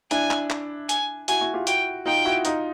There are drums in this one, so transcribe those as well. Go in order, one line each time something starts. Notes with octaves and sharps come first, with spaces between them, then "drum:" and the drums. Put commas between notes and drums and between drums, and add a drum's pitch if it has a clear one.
D4 E4 G#5, drum: hi-hat
drum: clap
drum: clap
G#5, drum: hi-hat
E4 F#4 G#5, drum: hi-hat
E4 F#4
F4 G4
E4 F#4 G5, drum: hi-hat
D#4 F4 G5
E4 F#4
D#4 F4, drum: hi-hat